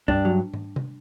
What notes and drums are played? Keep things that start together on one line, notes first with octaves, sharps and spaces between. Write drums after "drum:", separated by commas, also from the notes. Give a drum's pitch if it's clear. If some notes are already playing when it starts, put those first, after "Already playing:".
G2 D4, drum: kick C#2
F#3
drum: tom
drum: tom C3